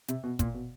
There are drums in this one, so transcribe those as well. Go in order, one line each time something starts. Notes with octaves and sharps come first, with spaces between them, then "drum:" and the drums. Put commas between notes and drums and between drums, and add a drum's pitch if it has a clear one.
C3, drum: hi-hat
B2
A#2, drum: kick, hi-hat
B2